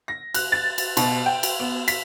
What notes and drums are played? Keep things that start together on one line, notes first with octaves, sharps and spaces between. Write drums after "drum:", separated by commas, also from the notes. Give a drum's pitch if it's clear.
A#6
F#6, drum: cymbal
A6
drum: cymbal
B2, drum: cymbal
G5
drum: cymbal
B3
B6, drum: cymbal